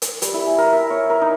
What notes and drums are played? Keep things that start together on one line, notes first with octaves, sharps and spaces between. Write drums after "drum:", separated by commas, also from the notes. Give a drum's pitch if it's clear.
drum: hi-hat
G3, drum: hi-hat
E4
G#5
A#4
E5
C#5
A#4
D#4